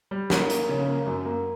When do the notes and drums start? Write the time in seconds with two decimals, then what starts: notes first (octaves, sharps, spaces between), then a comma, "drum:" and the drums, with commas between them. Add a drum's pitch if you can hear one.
0.11 G3
0.30 A#3, drum: snare
0.50 A#3, drum: hi-hat
0.69 C#3
0.88 A#3
1.06 F#2
1.26 A#3